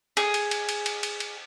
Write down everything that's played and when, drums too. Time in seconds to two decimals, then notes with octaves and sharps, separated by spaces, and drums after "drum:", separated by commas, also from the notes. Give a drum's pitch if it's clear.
0.17 G#4, drum: cymbal
0.34 drum: cymbal
0.51 drum: cymbal
0.69 drum: cymbal
0.86 drum: cymbal
1.03 drum: cymbal
1.20 drum: cymbal